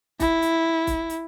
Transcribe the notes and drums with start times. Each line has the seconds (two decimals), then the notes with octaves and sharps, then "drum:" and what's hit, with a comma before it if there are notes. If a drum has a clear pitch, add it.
0.20 E4, drum: kick, hi-hat
0.42 drum: hi-hat
0.87 drum: kick, hi-hat
1.10 drum: hi-hat